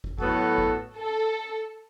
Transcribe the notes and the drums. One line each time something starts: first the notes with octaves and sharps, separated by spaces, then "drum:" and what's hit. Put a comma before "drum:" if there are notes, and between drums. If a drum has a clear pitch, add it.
drum: kick
A2 F#3 B3 F#4 A4, drum: kick
drum: kick
A4